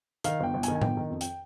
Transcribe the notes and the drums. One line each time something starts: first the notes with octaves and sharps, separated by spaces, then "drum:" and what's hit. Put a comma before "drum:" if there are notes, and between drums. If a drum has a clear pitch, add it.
D#3 F5, drum: hi-hat
G1 G5
G1
G#5, drum: hi-hat
D#3
G#5
G1 G5, drum: tom A2
D#3
F2
G5, drum: hi-hat